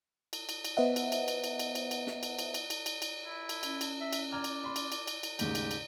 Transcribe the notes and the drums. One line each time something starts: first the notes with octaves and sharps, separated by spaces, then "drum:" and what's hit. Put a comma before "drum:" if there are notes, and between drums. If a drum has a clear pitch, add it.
drum: cymbal
drum: cymbal
drum: cymbal
B3 B4 C5 D#5 E5 F#5
drum: cymbal
drum: cymbal
drum: cymbal
drum: cymbal
drum: cymbal
drum: cymbal
drum: cymbal
drum: snare
drum: cymbal
drum: cymbal
drum: cymbal
drum: cymbal
drum: cymbal
drum: cymbal
E4
drum: cymbal
C#4, drum: cymbal
drum: cymbal
E5
drum: cymbal
D5 A#5 F6 G#6
drum: cymbal
B5 C6
drum: cymbal
drum: cymbal
drum: cymbal
drum: cymbal
D#2 G#2 C#3 A3 G4, drum: cymbal
drum: cymbal
drum: cymbal